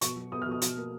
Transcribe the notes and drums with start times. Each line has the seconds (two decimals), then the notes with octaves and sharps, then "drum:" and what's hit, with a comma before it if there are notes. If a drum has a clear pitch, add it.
0.01 B2 C#6, drum: hi-hat
0.16 F#3
0.32 B3 D#6
0.42 F6
0.47 B2 D#6
0.62 B2, drum: hi-hat
0.77 A#3